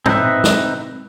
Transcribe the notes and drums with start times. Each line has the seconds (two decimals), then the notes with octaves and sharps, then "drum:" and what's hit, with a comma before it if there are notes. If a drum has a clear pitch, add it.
0.06 C4 D#4 B4 E5, drum: tom G#2
0.44 drum: snare